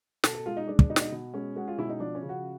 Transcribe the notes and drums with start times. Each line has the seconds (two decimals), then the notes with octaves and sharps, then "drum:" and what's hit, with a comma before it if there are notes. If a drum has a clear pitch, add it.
0.24 B2 A4, drum: snare
0.35 A4
0.46 G#3 F4
0.57 D#4
0.67 G#3 D4
0.79 D4, drum: kick
0.90 B2 D#4
0.96 D4, drum: snare
1.01 D#4
1.12 B2
1.34 G#3 C#4
1.56 G#3 F#4
1.68 F4
1.78 B2 E4
1.90 D#4
2.00 F3 D4
2.15 C#4
2.22 C#3
2.29 F#4